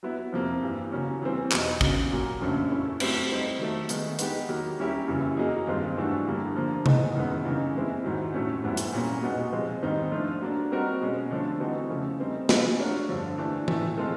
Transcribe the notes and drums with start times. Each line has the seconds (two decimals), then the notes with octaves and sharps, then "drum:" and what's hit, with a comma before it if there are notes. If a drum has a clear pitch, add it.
0.03 F#3 B3 E4
0.32 F2 C3 F3 A#3
0.62 G2 E3 G3
0.92 C#3 F#3 A#3 C#4
1.22 E3 G3 C4
1.52 E2 B2 F#3 B3 D#4, drum: clap
1.81 C#3 F#3 B3, drum: kick
2.11 A#2 F#3 A#3
2.40 F#2 C#3 F3 A3 D4
2.70 A3 C#4 E4
3.00 F#3 A3 C4 E4 G4, drum: cymbal
3.29 G3 C4 D#4
3.59 D#3 F#3 A3
3.89 D#3 G#3 B3 D#4, drum: hi-hat
4.19 G#3 B3 D#4 G4 B4, drum: hi-hat
4.48 D#3 F#3 A#3
4.78 G3 A#3 C#4 E4 G4
5.07 F#2 C#3 E3 G3
5.37 F#3 A#3 D#4 G#4
5.67 G2 D#3 G#3 C4 F4
5.96 G2 E3 A3 D4 F#4
6.26 G2 D3 G3 A#3
6.56 D3 F3 A#3
6.86 A2 E3 G#3 B3 D#4, drum: tom C3
7.15 F#2 D#3 G#3 B3
7.45 C#3 E3 G3 A#3 D#4
7.75 E3 G#3 C4 E4
8.04 G#2 D#3 F#3
8.34 A2 F#3 A3 C#4
8.64 G#2 E3 G3 B3 E4
8.77 drum: hi-hat
8.93 A#2 G3 A#3 C#4
9.23 B2 G#3 B3 D#4 F#4
9.52 C3 F3 G#3 C4
9.83 G#2 D#3 G3 C4 D#4
10.12 F3 A3 D4 F4
10.42 F#3 A#3 D4
10.71 G3 C4 D#4 F#4 A#4
11.01 B2 G#3 C#4
11.31 D3 F3 A3 D4
11.60 E3 G3 C4 D#4 F#4
11.90 C#3 F3 A3
12.19 G3 C4 D#4
12.49 C3 F3 G#3, drum: snare
12.78 A3 D4 F#4 A#4 C#5
13.09 G2 D3 F3
13.38 E3 A3 D4
13.68 A2 E3 A3, drum: tom E3
13.98 F3 G#3 C4 F4 A4